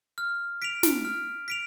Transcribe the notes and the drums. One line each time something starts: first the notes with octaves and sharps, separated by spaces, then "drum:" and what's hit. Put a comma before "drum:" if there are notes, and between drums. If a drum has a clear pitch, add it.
F6
B6 D7 F7
drum: snare
F6
B6 D7 F7